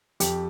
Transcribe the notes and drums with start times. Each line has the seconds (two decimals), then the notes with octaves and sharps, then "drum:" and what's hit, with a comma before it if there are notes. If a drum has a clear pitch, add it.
0.20 F2 G4, drum: hi-hat